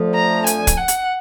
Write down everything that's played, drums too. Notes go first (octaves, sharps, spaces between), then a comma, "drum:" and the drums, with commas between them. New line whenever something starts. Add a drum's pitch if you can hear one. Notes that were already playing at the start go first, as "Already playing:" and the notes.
Already playing: F2 D3 F3 A3
A#5
G#5, drum: hi-hat
drum: kick, hi-hat
F#5
drum: hi-hat